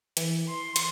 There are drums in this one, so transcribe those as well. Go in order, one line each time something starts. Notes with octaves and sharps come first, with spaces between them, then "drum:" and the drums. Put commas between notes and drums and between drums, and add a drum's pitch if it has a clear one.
E3, drum: hi-hat
C6
drum: hi-hat